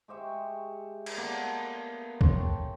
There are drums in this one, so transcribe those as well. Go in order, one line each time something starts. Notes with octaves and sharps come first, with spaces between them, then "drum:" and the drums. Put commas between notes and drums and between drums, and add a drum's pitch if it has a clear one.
G#3 G4 E5 C#6
drum: cymbal
A#3 B3 D4 A4
C#5 G5 A5 C6, drum: kick